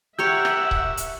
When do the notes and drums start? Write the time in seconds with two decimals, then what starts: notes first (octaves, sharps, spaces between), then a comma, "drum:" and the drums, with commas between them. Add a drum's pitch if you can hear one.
0.19 G4 A#4 C#5 E5 F#5 E6 G6
0.45 drum: rim click
0.71 drum: kick C#1
0.97 drum: hi-hat